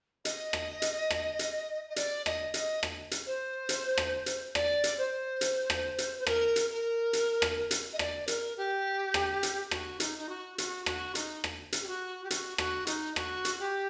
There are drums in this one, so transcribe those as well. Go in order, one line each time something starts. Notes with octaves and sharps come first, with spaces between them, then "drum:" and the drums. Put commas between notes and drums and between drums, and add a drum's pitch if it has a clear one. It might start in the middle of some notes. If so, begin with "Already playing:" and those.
D#5, drum: hi-hat
drum: rim click
drum: hi-hat
drum: rim click
drum: hi-hat
D#5
D5, drum: hi-hat
D#5, drum: rim click
D#5, drum: hi-hat
drum: rim click
drum: hi-hat
C5
drum: hi-hat
drum: rim click
drum: hi-hat
D5, drum: rim click
drum: hi-hat
C5
drum: hi-hat
drum: rim click
drum: hi-hat
C5
A#4, drum: rim click
drum: hi-hat
A#4
drum: hi-hat
drum: rim click
drum: hi-hat
D#5
D5, drum: rim click
A#4, drum: hi-hat
G4
drum: rim click
drum: hi-hat
F#4, drum: rim click
D#4, drum: hi-hat
D#4
F#4
F#4, drum: hi-hat
F#4, drum: rim click
D#4, drum: hi-hat
drum: rim click
drum: hi-hat
G4
F#4
G4
F#4, drum: hi-hat
F#4, drum: rim click
D#4, drum: hi-hat
F#4, drum: rim click
drum: hi-hat
G4